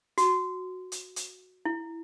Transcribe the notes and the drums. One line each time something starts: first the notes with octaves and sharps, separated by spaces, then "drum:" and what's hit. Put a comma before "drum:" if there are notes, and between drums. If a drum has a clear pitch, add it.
F#4, drum: hi-hat
drum: hi-hat
drum: hi-hat
E4